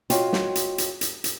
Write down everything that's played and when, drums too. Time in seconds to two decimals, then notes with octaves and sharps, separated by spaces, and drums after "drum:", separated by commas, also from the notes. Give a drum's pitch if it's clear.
0.10 F4 F#4 C#5 D#5 F5 G5, drum: hi-hat
0.33 drum: snare
0.55 drum: hi-hat
0.78 drum: hi-hat
1.01 drum: hi-hat
1.24 drum: hi-hat